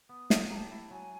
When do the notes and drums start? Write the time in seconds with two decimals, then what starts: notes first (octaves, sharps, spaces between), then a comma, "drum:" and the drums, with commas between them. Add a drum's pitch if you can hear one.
0.09 B3 D#6
0.30 F#3, drum: snare
0.50 G4 A#5
0.55 A5
0.72 E4
0.91 F#3 G#5